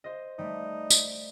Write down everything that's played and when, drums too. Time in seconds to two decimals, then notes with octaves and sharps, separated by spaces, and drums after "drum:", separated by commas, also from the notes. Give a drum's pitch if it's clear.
0.04 C5 D#5
0.39 G3 A3 D#4
0.90 D7, drum: tambourine